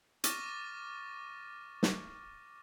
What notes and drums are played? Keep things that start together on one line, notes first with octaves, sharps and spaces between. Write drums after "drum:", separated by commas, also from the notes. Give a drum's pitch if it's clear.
C#6 D6 F6 A6 A#6 D#7, drum: hi-hat
drum: snare